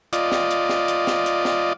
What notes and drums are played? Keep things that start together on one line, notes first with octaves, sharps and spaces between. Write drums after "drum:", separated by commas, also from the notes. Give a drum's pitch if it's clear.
F4 D5 D#5, drum: hi-hat
drum: snare
drum: hi-hat
drum: snare
drum: hi-hat
drum: snare
drum: hi-hat
drum: snare